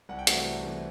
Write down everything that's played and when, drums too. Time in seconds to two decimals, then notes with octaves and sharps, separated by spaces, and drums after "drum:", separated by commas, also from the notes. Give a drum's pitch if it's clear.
0.09 C2 F#5
0.19 G5
0.27 C3 E3 A3 F#4 F#5, drum: hi-hat
0.46 C2
0.63 C3 E3 A3